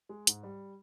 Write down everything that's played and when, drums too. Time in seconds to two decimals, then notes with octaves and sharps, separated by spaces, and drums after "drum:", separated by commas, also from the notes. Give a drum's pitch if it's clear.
0.09 G#3
0.27 G#2, drum: hi-hat
0.43 G3